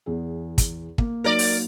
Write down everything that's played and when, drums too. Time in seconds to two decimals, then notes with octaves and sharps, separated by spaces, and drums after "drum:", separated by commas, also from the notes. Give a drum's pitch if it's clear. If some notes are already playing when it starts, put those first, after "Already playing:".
0.06 E2 G#4
0.58 drum: kick, hi-hat
0.98 A#3, drum: kick
1.24 F#3 A#3 D#4 A#4 D5
1.39 drum: open hi-hat